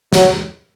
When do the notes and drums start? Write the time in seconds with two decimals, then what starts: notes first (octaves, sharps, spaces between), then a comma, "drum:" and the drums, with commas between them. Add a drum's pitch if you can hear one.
0.13 F#3, drum: snare